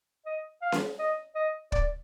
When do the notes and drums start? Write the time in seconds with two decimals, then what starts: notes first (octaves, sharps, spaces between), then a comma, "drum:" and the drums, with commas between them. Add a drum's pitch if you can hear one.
0.26 D#5
0.62 F5
0.72 drum: snare C#4
0.99 D#5
1.35 D#5
1.72 D5, drum: kick